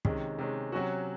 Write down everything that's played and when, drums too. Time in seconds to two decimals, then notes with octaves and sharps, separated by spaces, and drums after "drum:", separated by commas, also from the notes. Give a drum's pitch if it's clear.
0.05 C3 D#3 G#3 C#4, drum: kick
0.38 C3 D#3 G#3 C#4
0.72 C3 F#3 C#4 F#4